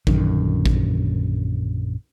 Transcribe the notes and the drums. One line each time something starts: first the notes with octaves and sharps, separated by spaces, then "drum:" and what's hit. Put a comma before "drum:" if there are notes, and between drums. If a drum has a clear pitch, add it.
A#1 F#2 D3 D#3, drum: kick
drum: kick